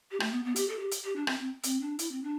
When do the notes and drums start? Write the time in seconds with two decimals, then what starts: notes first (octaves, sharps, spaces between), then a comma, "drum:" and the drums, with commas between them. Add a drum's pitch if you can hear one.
0.11 G4
0.20 A3, drum: rim click
0.32 B3
0.44 B3
0.56 G4, drum: hi-hat
0.68 A4
0.79 G4
0.91 drum: hi-hat
1.04 G4
1.15 D4
1.27 C4, drum: rim click
1.39 C4
1.63 C4, drum: hi-hat
1.81 D4
1.99 E4, drum: hi-hat
2.11 C4
2.23 D4